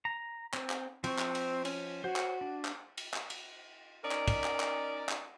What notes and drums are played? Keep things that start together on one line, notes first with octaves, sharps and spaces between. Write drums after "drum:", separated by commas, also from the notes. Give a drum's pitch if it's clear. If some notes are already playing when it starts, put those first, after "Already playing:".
A#5
C4, drum: clap
drum: clap
F3 C4 C#6, drum: cymbal
drum: clap
drum: cymbal
C#4, drum: cymbal
F#4 C5 C#5
drum: clap
D4
drum: clap
drum: cymbal
drum: clap
drum: cymbal
C#4 D#4 A#4 D5
drum: clap
drum: kick, cymbal
drum: clap
drum: clap
drum: clap